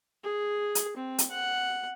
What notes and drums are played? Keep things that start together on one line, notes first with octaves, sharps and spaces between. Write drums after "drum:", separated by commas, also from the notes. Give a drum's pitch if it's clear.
G#4
drum: hi-hat
C4
drum: hi-hat
F#5